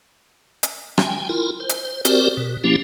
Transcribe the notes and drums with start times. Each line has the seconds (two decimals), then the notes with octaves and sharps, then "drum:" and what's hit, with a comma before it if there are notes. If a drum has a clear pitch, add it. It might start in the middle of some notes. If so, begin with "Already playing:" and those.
0.63 drum: hi-hat
0.98 G5 G#5, drum: rim click
1.29 E4 F4 A#4
1.60 C5
1.69 drum: hi-hat
2.05 C4 F#4 G4 A#4 C5 D5, drum: hi-hat
2.37 B2
2.64 F3 A#3 C#4 E4 G4